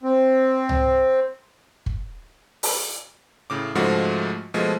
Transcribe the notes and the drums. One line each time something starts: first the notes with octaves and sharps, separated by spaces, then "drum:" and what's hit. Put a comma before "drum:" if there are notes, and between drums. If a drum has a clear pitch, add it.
C4
drum: tom C2
drum: kick
drum: open hi-hat
A2 C#3 D6
G#2 C#3 F3 G#3 A3 F#4
B2 F3 G#3 A3